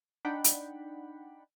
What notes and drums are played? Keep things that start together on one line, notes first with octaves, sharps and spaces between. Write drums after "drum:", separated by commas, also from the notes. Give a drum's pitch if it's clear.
D4 D#4 D5 F#5 G5 B5
drum: hi-hat